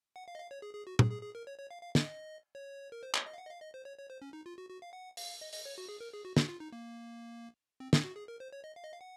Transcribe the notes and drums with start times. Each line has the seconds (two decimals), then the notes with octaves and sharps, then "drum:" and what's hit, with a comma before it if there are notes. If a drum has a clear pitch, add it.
0.16 F#5
0.28 F5
0.35 D#5
0.39 F5
0.51 C#5
0.62 G#4
0.74 G#4
0.87 F#4
0.99 G#4, drum: tom
1.11 G#4
1.22 G#4
1.35 A#4
1.47 C#5
1.58 C#5
1.71 F5
1.82 F5
1.95 D#5, drum: snare
2.55 C#5
2.92 A#4
3.03 C5
3.14 C#5, drum: clap
3.26 D#5
3.34 F5
3.38 F#5
3.45 D#5
3.51 F5
3.61 D#5
3.74 C5
3.85 C#5
3.98 C#5
4.10 C5
4.22 C#4
4.33 D#4
4.46 F4
4.58 F#4
4.70 F#4
4.82 F5
4.93 F#5
5.17 F5, drum: open hi-hat
5.41 D#5
5.53 D#5, drum: open hi-hat
5.66 C#5
5.78 F#4
5.89 G#4
6.00 A#4
6.14 G#4
6.25 F#4
6.37 F#4, drum: snare
6.48 F4
6.60 D#4
6.72 A#3
7.80 C4
7.93 C4, drum: snare
8.04 F#4
8.16 G#4
8.28 A#4
8.40 C5
8.53 C#5
8.64 D#5
8.76 F5
8.84 D#5
8.93 F5
9.01 F#5